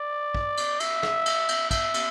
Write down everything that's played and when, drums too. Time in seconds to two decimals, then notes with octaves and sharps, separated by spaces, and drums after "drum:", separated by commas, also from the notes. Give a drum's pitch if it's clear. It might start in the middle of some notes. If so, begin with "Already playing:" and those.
Already playing: D5
0.35 drum: kick
0.57 drum: cymbal
0.80 E5, drum: cymbal
1.03 drum: snare
1.26 drum: cymbal
1.48 drum: cymbal
1.71 E5, drum: kick, cymbal
1.94 drum: cymbal